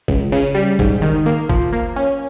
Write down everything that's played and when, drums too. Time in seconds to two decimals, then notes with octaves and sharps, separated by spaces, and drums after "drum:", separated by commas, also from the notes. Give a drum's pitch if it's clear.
0.08 C#2, drum: kick
0.32 C#3
0.55 G3
0.79 G#2, drum: kick
1.02 D#3
1.26 A#3
1.49 F3, drum: kick
1.73 A#3
1.96 C#4